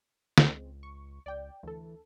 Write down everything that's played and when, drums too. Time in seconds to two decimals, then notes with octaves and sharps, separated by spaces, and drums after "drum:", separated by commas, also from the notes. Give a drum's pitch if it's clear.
0.38 C#2 G#3 C4, drum: snare
0.83 C#6
1.26 C#2 D5 G5
1.63 D2 E3 A4